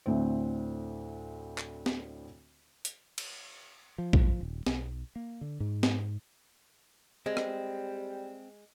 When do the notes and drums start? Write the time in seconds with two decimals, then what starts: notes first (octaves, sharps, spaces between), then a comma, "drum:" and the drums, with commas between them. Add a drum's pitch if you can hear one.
0.06 D2 A2 C4
1.58 drum: clap
1.86 drum: snare
2.85 drum: hi-hat
3.18 drum: cymbal
3.98 F3
4.13 drum: kick A#1
4.40 D#1
4.66 B1, drum: snare
5.16 A#3
5.41 D3
5.60 G#2
5.83 drum: snare
7.26 G3 G#3 C4
7.37 drum: rim click